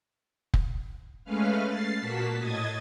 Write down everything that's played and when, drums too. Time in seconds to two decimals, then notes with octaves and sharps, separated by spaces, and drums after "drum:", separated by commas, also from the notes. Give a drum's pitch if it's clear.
0.54 drum: kick
1.24 G#3 A3 C#4 B4 F5 F6
1.63 A6 C7
1.99 A#2 A#3 F#4 A5 B6
2.39 A2 D#5 D#6 G#6 A6